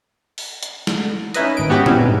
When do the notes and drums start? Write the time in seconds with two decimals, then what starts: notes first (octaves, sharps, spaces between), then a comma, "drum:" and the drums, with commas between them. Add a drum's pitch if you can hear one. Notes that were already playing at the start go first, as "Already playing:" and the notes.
0.38 drum: open hi-hat
0.63 drum: hi-hat
0.87 drum: snare
1.34 C#4 D#4 E4 B4 D#5, drum: hi-hat
1.57 G#1 D7
1.70 B3 C#4 F#4 G4 B4
1.86 G3 C4 C#4 E4 F#4, drum: tom
1.99 G#2